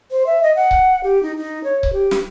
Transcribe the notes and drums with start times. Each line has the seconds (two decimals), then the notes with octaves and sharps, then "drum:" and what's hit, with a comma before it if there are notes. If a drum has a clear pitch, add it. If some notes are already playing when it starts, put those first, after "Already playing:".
0.11 C5
0.26 E5
0.43 D#5
0.56 F#5
0.71 drum: kick C#1
1.03 G4
1.23 D#4
1.37 D#4
1.64 C#5
1.83 drum: kick C#1
1.93 G4
2.11 drum: snare